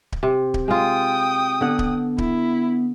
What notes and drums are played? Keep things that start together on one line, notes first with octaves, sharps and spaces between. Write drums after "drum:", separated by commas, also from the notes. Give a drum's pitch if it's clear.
drum: kick D1
C3
drum: kick D1
G#3 F4 G5 D#6
D3 B3 F#5
drum: kick D1
E4, drum: kick D1